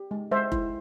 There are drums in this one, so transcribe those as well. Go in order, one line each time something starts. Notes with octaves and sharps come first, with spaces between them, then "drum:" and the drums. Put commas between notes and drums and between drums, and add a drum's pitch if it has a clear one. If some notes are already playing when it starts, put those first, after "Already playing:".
Already playing: G4
G#3
G#3 C5 E5
E4, drum: kick F1